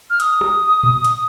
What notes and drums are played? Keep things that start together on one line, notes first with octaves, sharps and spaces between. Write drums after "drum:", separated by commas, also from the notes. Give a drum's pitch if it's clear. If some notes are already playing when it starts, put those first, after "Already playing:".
F6
D#6, drum: hi-hat
drum: rim click
drum: tom A#2
drum: hi-hat